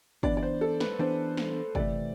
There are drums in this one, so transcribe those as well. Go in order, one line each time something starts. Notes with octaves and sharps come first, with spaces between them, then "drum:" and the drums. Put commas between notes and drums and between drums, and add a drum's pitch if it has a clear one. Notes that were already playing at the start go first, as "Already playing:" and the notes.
E3 B3 D4 D5, drum: kick
D5
C5
A4
B4, drum: snare
E3 B3 D4 C5
drum: snare
C3 E3 A3 D5, drum: kick